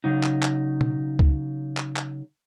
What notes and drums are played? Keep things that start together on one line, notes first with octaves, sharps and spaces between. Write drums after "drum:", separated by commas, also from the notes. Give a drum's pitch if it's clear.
C#3 F#3 D#4
drum: clap
drum: clap
drum: tom B2
drum: kick C#2
drum: clap
drum: clap